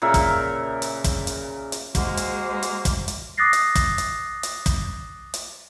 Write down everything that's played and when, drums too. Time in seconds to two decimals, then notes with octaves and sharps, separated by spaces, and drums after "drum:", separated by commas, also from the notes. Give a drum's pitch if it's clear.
0.02 A#2 C#3 A#4 E5
0.14 drum: kick, hi-hat
0.82 drum: hi-hat
1.04 drum: kick, hi-hat
1.27 drum: hi-hat
1.72 drum: hi-hat
1.95 G#3 A#3 F#4 C5, drum: kick, hi-hat
2.17 drum: hi-hat
2.62 drum: hi-hat
2.85 drum: kick, hi-hat
3.08 drum: hi-hat
3.37 D6 D#6 F#6 A6 A#6 C7
3.53 drum: hi-hat
3.75 drum: kick, hi-hat
3.98 drum: hi-hat
4.43 drum: hi-hat
4.66 drum: kick, hi-hat
5.34 drum: hi-hat